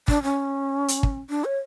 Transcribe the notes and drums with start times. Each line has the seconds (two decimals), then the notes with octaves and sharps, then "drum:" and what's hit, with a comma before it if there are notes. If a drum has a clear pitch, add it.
0.08 D4, drum: kick
0.23 C#4
0.88 drum: hi-hat
1.03 drum: kick
1.29 D4
1.45 C#5